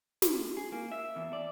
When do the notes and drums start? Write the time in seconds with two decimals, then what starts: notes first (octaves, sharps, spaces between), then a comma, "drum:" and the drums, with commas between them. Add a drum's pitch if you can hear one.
0.22 drum: snare
0.57 G#4
0.72 A#3
0.92 E5
1.16 E2
1.33 D5